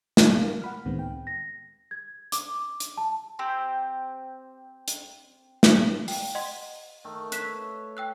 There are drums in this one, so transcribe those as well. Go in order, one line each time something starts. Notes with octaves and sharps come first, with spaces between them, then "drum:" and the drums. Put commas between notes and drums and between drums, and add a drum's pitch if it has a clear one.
G3, drum: snare
A#4 F5
F#5 B5 F6
C#2 A2 D#3 G#3 B3 C4
G5
A#6
G#6
D6, drum: hi-hat
drum: hi-hat
A5
C4 G4 C5
drum: hi-hat
drum: snare
G5, drum: open hi-hat
D#5 F#5 C6
D#3 A3
B4 C#5 E5 F#6 B6 E7, drum: hi-hat
G5 E6 F#6